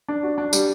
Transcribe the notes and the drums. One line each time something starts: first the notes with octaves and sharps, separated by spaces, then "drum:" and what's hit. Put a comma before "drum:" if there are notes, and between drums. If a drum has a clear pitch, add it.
D4
F#4
D4
G3, drum: tambourine